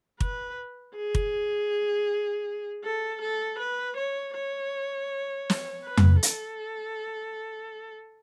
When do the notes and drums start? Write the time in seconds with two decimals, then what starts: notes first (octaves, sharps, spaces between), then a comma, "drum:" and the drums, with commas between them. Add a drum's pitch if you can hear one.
0.20 B4, drum: kick
0.96 G#4
1.15 drum: kick
2.84 A4
3.22 A4
3.59 B4
3.97 C#5
4.34 C#5
5.50 drum: snare
5.85 B4
5.97 drum: tom F2
6.23 A4, drum: hi-hat